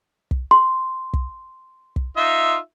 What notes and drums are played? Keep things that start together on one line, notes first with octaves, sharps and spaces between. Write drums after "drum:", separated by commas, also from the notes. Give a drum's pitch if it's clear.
drum: kick
C6
drum: kick
drum: kick
D#4 F4 E5